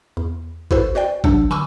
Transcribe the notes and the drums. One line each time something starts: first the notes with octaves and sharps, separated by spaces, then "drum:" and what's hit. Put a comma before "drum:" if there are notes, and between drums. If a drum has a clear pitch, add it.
E2
E4 F#4 A4 B4 C5, drum: kick G#1
F#4 C5 D5 G5
C#2 C3 F#3 D4 E6, drum: kick G#1
G#5 B5 C#6 D6 E6 F6, drum: tom